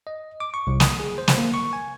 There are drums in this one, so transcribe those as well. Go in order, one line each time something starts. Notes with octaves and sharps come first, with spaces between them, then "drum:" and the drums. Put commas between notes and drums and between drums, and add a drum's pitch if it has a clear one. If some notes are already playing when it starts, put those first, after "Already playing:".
D#5
D6
C#6
C2
D#6, drum: snare
G#4
C5
drum: snare
A#3
C#6
G#5